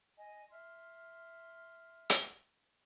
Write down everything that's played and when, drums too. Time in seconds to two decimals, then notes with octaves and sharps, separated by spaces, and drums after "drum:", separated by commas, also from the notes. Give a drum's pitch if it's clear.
0.17 D#5 G#5
0.51 E5 C6 F6
2.10 drum: hi-hat